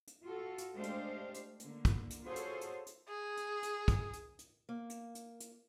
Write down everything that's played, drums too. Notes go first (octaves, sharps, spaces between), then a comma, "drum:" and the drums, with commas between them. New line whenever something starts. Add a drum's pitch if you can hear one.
drum: hi-hat
F4 F#4 A4
drum: hi-hat
G#3 A3 D4 G4 C5 F5
drum: hi-hat
drum: hi-hat
D3 A#3, drum: hi-hat
drum: kick, hi-hat
drum: hi-hat
F4 F#4 G#4 A4 C5 C#5
drum: hi-hat
drum: hi-hat
drum: hi-hat
G#4
drum: hi-hat
drum: hi-hat
drum: kick, hi-hat
drum: hi-hat
drum: hi-hat
A#3
drum: hi-hat
drum: hi-hat
drum: hi-hat